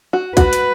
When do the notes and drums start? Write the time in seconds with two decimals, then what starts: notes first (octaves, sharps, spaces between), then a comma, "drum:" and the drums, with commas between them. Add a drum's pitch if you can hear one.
0.13 F#4
0.37 F#4 B4, drum: kick, hi-hat
0.53 drum: hi-hat